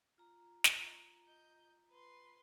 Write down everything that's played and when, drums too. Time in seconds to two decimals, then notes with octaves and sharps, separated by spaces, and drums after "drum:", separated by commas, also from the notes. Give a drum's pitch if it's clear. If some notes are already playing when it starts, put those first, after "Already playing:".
0.18 F4 A#5
0.64 drum: snare
1.27 D#5 G6
1.90 B4 C6